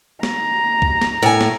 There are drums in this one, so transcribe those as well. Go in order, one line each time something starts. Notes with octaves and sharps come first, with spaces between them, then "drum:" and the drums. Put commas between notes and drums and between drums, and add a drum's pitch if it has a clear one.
A#5, drum: snare
drum: kick C2
drum: snare
A2 G#5
drum: snare